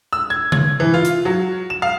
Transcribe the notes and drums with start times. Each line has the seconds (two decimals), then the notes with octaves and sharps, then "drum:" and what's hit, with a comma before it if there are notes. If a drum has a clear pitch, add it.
0.13 E6
0.30 G#6
0.52 G#6, drum: tom C3
0.80 E3
0.94 F4
1.05 drum: hi-hat
1.25 F#3
1.70 E7
1.82 F5